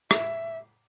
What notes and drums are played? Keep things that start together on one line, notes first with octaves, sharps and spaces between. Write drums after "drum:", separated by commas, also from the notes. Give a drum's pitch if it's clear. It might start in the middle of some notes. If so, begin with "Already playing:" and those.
E5, drum: rim click